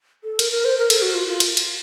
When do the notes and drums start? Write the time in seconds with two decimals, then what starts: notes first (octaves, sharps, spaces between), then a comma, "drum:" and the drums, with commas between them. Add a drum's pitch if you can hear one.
0.24 A4
0.39 A#4, drum: cymbal
0.52 A#4
0.65 C5
0.78 A#4
0.90 A4, drum: cymbal
1.02 F#4
1.15 F4
1.28 F4
1.40 drum: cymbal
1.57 drum: cymbal